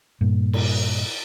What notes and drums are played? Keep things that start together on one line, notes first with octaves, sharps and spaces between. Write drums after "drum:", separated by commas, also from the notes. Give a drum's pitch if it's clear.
G2 A#2
drum: cymbal